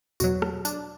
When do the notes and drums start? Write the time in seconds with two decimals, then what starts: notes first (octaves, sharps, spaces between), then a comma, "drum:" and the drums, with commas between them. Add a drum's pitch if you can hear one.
0.20 E2 B2 F#3 F#4, drum: tambourine
0.42 drum: rim click
0.65 D4, drum: tambourine